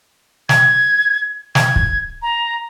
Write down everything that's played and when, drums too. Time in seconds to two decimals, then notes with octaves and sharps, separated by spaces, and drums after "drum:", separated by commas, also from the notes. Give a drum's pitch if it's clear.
0.49 G#6, drum: snare
1.55 G#6, drum: snare
1.76 drum: kick
2.22 A#5